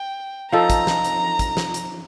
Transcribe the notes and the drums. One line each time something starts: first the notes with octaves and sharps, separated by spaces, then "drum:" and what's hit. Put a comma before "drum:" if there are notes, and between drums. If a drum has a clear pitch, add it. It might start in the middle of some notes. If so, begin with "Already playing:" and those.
Already playing: G5
F3 C4 D#4 A4 A#5
drum: kick, hi-hat
drum: snare
drum: hi-hat
drum: kick, hi-hat
drum: snare
drum: hi-hat